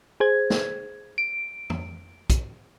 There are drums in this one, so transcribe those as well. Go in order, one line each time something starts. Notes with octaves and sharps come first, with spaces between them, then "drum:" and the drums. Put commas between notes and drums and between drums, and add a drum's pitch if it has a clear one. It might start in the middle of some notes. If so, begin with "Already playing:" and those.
G#4 C5 G#6
drum: snare
D7
drum: tom F2
drum: kick, hi-hat